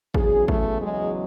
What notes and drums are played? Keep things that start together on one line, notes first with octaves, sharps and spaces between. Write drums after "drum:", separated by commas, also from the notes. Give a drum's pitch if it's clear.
E2 C#3 F#3 G#4, drum: kick
A3, drum: kick
E2 C#3 F#3 G#3